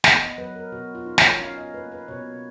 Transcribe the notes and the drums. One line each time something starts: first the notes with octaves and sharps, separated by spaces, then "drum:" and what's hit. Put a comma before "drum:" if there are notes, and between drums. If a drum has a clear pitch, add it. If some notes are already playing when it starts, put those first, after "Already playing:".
B3 F#5, drum: snare
D#5
F#3 B4
A#4
B2 F#4
F4
D#4
C#5, drum: snare
C#4 F5
D#5
A#3 B4
B4
B2 C#5